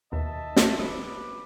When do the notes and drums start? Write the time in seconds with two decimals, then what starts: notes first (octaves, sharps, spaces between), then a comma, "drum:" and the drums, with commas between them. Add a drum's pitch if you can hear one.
0.12 D#2 B2 D#5 E5 A5
0.56 drum: snare
0.78 G1 B4 B5 D6 D#6